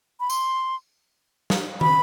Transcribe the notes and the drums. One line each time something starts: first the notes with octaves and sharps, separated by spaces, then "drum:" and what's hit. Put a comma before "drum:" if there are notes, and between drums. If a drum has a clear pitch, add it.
B5
C6, drum: tambourine
drum: snare
B5, drum: tom